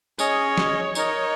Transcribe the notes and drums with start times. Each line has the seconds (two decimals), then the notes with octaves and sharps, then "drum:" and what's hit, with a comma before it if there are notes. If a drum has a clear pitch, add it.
0.19 C#4 G#4 C#5 D#5, drum: tambourine
0.58 drum: snare
0.95 D#4 A#4 C#5 D#5, drum: tambourine